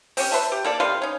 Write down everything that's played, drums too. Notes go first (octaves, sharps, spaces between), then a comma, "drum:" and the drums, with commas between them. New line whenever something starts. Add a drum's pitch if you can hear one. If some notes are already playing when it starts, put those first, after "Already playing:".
C4 C#4 G4, drum: open hi-hat
B4 C5 E5 A5
G4
A#3 A4 D5
C3 B4 F5 C6
C#4 D#4